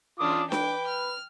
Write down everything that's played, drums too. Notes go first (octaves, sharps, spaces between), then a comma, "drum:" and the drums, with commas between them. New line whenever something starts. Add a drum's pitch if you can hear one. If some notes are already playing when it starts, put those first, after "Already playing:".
E3 C#4 D4 F4 D6 D#6
B4 G5 D6, drum: snare D4
F6